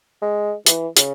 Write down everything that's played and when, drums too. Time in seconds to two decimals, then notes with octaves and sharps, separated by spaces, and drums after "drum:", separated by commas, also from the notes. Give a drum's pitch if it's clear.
0.22 G#3
0.66 E3, drum: hi-hat
0.97 C#3, drum: hi-hat